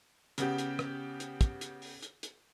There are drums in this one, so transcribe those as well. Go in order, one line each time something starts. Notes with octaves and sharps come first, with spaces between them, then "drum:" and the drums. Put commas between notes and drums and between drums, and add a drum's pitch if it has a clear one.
C#3 B3 G4, drum: hi-hat
drum: hi-hat
drum: rim click
drum: hi-hat
drum: kick, hi-hat
drum: hi-hat
drum: open hi-hat
drum: hi-hat
drum: hi-hat